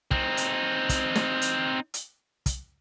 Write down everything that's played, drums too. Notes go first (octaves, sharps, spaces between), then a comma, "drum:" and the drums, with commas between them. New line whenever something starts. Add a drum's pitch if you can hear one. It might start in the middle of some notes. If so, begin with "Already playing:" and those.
C4 D#4, drum: kick
drum: hi-hat
drum: kick, hi-hat
drum: snare
drum: hi-hat
drum: hi-hat
drum: kick, hi-hat